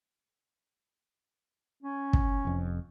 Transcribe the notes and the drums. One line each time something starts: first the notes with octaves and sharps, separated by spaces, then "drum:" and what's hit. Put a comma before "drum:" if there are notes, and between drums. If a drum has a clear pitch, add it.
C#4
drum: kick
F1 F2